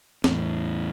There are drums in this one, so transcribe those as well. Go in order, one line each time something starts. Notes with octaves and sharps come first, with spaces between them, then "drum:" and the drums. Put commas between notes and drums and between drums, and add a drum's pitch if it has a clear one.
E2 A2, drum: snare B3